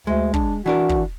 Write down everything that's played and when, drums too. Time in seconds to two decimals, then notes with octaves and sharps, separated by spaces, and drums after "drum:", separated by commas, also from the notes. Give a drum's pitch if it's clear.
0.07 D2 G#3
0.34 D4, drum: kick
0.66 E3 D4 F#4 A#4
0.89 drum: kick